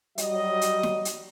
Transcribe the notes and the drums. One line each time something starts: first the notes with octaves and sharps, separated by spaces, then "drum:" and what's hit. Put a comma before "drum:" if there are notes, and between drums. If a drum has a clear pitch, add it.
F#3 G3 D#5, drum: hi-hat
drum: hi-hat
drum: snare
drum: hi-hat